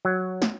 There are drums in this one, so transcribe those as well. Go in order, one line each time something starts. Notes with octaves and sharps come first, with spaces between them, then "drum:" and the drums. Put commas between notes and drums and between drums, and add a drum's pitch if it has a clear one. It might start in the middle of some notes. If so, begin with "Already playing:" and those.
F#3
drum: snare